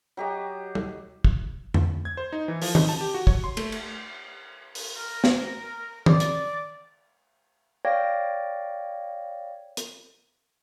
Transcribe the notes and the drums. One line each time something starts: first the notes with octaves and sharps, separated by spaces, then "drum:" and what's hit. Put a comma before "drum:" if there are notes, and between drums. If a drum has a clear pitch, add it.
F#3 G4 D#5 A#5
drum: tom G3
drum: kick
drum: tom F2
G#6
C5
D#4
E3
F3, drum: open hi-hat
D#4, drum: tom D#3
A5
G4
F#4
C#5, drum: kick
C6
A3, drum: cymbal
drum: cymbal
drum: open hi-hat
A#4
drum: snare
D5, drum: tom D#3
drum: hi-hat
C#5 D5 F5 G5 A#6
drum: hi-hat